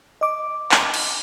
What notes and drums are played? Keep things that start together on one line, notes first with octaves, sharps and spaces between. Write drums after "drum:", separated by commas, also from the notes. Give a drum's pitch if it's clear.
D#5 D6
drum: clap
drum: cymbal